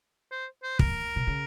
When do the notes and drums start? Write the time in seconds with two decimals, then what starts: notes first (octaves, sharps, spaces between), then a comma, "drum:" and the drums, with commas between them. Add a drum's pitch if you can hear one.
0.32 C5
0.64 C5
0.79 A#4, drum: kick
1.16 C3
1.27 C#3